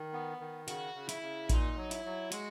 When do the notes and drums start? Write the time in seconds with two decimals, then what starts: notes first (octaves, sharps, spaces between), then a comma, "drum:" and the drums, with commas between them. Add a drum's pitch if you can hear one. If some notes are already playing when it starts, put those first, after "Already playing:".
Already playing: D#3
0.13 B3
0.40 D#3
0.68 C#3 F#4, drum: hi-hat
0.95 C#3
1.09 E4, drum: hi-hat
1.22 C#3
1.49 A#2 D#4, drum: kick A1, hi-hat
1.77 F#3
1.91 E4, drum: hi-hat
2.05 F#3
2.32 G#3 F#4, drum: hi-hat